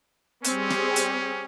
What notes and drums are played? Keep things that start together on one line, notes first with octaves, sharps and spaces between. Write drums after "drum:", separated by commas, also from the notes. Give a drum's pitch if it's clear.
G3 C4 C#4 G4 G#4, drum: hi-hat
drum: snare
drum: hi-hat